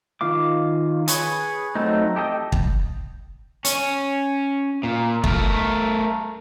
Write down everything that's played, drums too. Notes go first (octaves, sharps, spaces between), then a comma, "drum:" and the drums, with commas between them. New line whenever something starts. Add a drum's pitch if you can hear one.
D#3 F4 F5 D6
G#4 B4 C#5, drum: hi-hat
F#3 A3 C4 D#4
G4 A4 D#5 G5
drum: kick
C#4, drum: hi-hat
A#2
A3 A#4, drum: kick